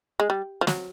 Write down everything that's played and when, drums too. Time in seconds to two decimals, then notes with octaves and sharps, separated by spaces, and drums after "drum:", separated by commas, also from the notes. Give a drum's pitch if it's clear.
0.20 G#3
0.30 G3
0.61 F3
0.67 F#3, drum: snare